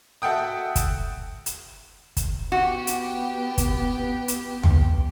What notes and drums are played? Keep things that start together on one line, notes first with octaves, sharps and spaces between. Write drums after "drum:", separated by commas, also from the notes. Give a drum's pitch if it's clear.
F#4 A4 E5 F#5 G5 D#6
drum: kick, hi-hat
drum: hi-hat
drum: kick, hi-hat
B3 F#4 G4
drum: hi-hat
drum: kick, hi-hat
drum: hi-hat
drum: tom